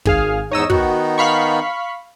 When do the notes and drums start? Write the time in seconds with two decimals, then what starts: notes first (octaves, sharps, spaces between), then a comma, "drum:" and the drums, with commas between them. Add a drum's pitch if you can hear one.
0.05 G#1 G#4 F5, drum: kick
0.52 E2 G#2 D#4 C#5 D#5 E6
0.70 D#3 B3 D#4 F#4, drum: kick
1.18 F5 B5 C#6